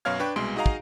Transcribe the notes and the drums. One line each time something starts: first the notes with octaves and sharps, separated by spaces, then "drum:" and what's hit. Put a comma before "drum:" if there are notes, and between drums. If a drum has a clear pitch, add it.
F#2 B2 C#5 F5 F6 G#6
D4 B4 G5 C#6
C2 B2 G#3 C6 D7
D#4 F#4 G#4 D#5 F5 A#5
drum: kick